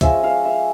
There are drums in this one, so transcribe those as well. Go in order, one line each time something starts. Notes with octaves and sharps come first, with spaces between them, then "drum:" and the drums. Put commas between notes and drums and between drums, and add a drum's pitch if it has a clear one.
F3 G#3 C#4 E5, drum: kick C2, hi-hat
F5
E5